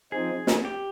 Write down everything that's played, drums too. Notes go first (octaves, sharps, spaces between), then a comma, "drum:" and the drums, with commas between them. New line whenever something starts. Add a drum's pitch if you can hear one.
F3 C4 D#4 G#4
drum: snare
G4